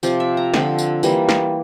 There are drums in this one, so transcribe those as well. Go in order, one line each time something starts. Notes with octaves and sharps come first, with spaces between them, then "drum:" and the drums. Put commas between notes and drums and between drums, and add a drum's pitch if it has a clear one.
C3 F3 C4 D5, drum: tambourine
E5
A#5
D3 F3 C4, drum: snare
drum: tambourine
E3 G3 A#3, drum: tambourine
drum: snare